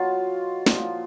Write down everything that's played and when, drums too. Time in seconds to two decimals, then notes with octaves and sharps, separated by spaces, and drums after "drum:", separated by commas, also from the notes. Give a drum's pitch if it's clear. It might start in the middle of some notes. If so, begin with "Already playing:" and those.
Already playing: B2 F#3 F4
0.66 A#2 F3, drum: snare